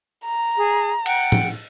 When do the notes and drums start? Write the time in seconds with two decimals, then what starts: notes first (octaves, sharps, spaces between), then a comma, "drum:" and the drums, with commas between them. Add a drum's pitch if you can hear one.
0.25 A#5
0.55 G#4
1.06 F#5 G5, drum: cymbal
1.32 drum: tom